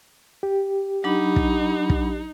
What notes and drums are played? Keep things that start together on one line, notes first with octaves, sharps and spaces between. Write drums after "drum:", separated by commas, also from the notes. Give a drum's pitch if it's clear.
G4
F#3 D4 D#4 B5
drum: kick
drum: kick